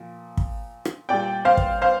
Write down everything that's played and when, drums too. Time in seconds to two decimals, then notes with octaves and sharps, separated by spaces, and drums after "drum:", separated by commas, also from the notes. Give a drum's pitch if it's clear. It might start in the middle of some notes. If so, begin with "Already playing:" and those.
Already playing: A#2 F3
0.37 drum: kick
0.85 drum: rim click
1.09 A#2 G3 D5 G5
1.45 C5 F5
1.57 drum: kick
1.82 C5 F5